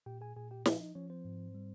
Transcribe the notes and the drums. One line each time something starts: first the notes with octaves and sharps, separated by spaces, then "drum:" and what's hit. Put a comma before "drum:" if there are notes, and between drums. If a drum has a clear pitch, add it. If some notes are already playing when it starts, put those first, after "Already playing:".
A#2 G4 G5
G#4 G#5
A#2 G#4 G#5
G4 G5
F3 F4 F5, drum: snare
D#4 D#5
F3 C#4 C#5
C4 C5
G#2
G3